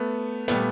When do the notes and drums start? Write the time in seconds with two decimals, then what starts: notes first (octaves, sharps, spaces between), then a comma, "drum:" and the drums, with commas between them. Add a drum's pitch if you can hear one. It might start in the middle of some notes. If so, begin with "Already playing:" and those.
Already playing: A3 B3
0.48 A#2 G3 A3 B3, drum: hi-hat